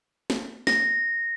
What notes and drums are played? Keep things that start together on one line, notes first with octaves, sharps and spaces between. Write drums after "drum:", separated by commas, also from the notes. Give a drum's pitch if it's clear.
drum: snare
A#6, drum: snare